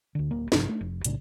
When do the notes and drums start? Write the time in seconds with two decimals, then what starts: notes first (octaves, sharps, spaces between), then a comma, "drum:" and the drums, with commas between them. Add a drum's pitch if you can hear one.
0.15 D2 D3
0.31 D1 A#3
0.52 G#1 G2 C3 F3, drum: snare
0.69 A3
0.81 F1
1.04 B1 A2 C#3 D4, drum: hi-hat